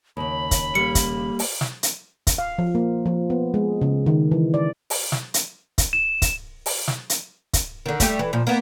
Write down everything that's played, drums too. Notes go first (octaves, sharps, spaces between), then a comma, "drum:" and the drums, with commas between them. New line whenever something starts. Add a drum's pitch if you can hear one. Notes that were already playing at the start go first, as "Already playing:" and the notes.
D#2 C#3 B5
drum: kick, hi-hat
G3 A#3 C#7
drum: kick, hi-hat
drum: open hi-hat
drum: snare
drum: hi-hat
drum: kick, hi-hat
F5
F3
A#3
F3
B3
G#3
C#3
D#3
E3
D5
drum: open hi-hat
drum: snare
drum: hi-hat
drum: kick, hi-hat
E7
drum: kick, hi-hat
drum: open hi-hat
drum: snare
drum: hi-hat
drum: kick, hi-hat
D3 D#3
G3 A3 G4, drum: kick, hi-hat
E3
A#2 F3
A#3 B3